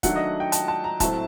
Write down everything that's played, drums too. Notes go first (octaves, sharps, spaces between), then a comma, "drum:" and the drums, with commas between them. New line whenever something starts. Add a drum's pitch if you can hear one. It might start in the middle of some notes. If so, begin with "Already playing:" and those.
D#3 F#3 A3 D4 F#5, drum: kick, hi-hat
D#5
G5
A5, drum: hi-hat
A5
A#5
A2 F#3 A3 C4 A5, drum: kick, hi-hat